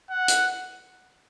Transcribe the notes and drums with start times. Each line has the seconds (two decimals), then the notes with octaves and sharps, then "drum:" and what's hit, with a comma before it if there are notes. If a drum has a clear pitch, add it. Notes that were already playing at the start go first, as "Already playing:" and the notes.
0.11 F#5
0.28 drum: hi-hat